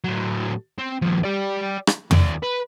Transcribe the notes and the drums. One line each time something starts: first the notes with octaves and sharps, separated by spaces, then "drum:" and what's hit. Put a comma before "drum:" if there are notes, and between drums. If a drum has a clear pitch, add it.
A2 F#3
C4
D#2 F3
G4 D5
drum: rim click
D#2 D5, drum: tom
B4